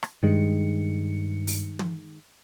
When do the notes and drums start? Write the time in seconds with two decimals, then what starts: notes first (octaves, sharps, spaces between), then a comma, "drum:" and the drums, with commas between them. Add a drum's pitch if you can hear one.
0.03 drum: rim click
0.23 G2 D#3 G#3 C#7
1.47 drum: open hi-hat
1.79 drum: tom